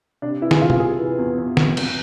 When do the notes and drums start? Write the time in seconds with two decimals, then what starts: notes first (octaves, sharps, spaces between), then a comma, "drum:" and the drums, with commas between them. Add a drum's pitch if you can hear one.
0.22 C3 D4
0.42 E3 E4
0.51 G#4, drum: snare
0.61 C3 F4
0.70 drum: tom
0.80 C3 G#4
0.99 E3
1.18 E2
1.38 E2
1.57 F1, drum: snare
1.77 G#1, drum: cymbal